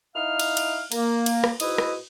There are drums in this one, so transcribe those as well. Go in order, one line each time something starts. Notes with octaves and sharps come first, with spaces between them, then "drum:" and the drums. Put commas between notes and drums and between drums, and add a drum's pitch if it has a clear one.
D#4 E4 F5 F6
drum: cymbal
drum: cymbal
A#3, drum: cymbal
drum: cymbal
drum: rim click
G#2 D#4 E4 F#4 B4 D#6, drum: cymbal
drum: rim click